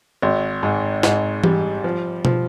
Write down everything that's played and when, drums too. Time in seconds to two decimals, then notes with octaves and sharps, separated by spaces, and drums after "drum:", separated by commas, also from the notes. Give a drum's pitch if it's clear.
0.22 G#1
0.63 G#2
1.03 G#2, drum: snare
1.44 G3, drum: tom E3
1.84 F3
2.25 F3, drum: tom B2